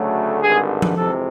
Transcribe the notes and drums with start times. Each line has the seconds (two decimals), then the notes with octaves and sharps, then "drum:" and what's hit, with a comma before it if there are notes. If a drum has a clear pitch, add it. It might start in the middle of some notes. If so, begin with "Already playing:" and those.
Already playing: D2 C#3 F#3 A3
0.42 G#1 G2 D3 G#4
0.82 drum: tom F3
0.96 F2 C3 E3 G#3 A4